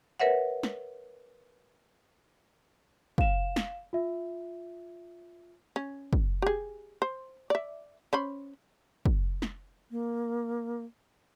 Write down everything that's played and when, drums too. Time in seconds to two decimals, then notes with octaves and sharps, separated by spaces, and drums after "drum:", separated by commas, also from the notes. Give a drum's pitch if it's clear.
0.20 A#4 B4 C#5 E5 F#5
0.63 drum: snare
3.18 F5 E7, drum: kick
3.56 drum: snare
3.93 F4 E5
5.76 C#4
6.13 drum: kick
6.42 G4 G#4
7.02 C5
7.50 D5 E5
8.13 C#4 C5 B5
9.05 drum: kick
9.42 drum: snare
9.91 A#3